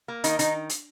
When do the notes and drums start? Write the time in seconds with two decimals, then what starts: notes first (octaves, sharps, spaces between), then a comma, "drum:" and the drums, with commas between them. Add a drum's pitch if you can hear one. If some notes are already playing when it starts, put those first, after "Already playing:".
0.08 A#3
0.24 D#3 D#4, drum: hi-hat
0.39 D#3 D#4, drum: hi-hat
0.69 drum: hi-hat